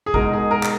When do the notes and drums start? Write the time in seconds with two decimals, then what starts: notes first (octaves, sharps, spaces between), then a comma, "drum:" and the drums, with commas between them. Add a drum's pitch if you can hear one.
0.06 G#4
0.14 B2 G#3 D#4 A#4, drum: kick
0.33 G#4
0.51 A#4
0.63 drum: clap